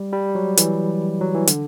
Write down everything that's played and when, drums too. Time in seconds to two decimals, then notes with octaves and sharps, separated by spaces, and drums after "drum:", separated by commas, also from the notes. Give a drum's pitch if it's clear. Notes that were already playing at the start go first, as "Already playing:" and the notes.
Already playing: G3
0.13 G3
0.35 F#3
0.57 E3, drum: hi-hat
1.21 F#3
1.35 E3
1.47 D3, drum: hi-hat